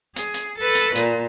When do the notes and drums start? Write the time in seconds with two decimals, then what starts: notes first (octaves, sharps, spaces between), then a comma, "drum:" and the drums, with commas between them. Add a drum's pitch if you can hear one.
0.16 G#4, drum: hi-hat
0.34 drum: hi-hat
0.58 A4 B4
0.75 drum: hi-hat
0.95 A#2, drum: hi-hat